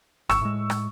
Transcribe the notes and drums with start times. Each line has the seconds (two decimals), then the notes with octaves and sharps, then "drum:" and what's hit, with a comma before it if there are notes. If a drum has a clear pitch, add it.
0.30 G1 C#6 E6, drum: rim click
0.42 A2 G#3
0.70 drum: rim click